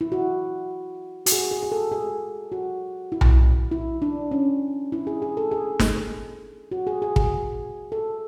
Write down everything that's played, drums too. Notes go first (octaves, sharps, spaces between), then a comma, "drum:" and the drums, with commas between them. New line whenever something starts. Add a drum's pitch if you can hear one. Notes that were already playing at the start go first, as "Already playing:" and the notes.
E4
F#4
F#4, drum: hi-hat
G#4
G#4
G#4
A4
G#4
F#4
E4
drum: tom B1
E4
D4
C#4
E4
G#4
G#4
A4
G#4
drum: snare
F#4
G#4
G#4
G#4, drum: kick
A4